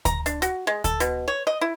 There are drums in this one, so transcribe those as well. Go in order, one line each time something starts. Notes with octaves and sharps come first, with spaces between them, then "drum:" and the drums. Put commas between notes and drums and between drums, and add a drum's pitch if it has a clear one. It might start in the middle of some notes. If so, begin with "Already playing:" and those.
A#5, drum: kick D2, hi-hat
D4, drum: hi-hat
F#4, drum: hi-hat
G#3
A4, drum: kick D2, hi-hat
B2, drum: hi-hat
C#5
D#5
E4